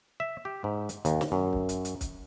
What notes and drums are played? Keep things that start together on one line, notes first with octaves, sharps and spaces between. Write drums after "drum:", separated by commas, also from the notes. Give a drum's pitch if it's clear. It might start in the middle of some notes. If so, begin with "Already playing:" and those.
E5
G4
G#2
drum: hi-hat
D#2, drum: hi-hat
drum: snare
F#2
drum: kick
drum: hi-hat
drum: hi-hat
drum: kick, hi-hat